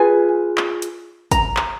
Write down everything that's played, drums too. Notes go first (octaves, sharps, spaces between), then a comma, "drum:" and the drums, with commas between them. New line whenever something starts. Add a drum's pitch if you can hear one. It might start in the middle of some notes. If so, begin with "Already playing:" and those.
Already playing: F4 G#4 B4 G#5
drum: clap
drum: hi-hat
A#5, drum: kick, hi-hat
drum: clap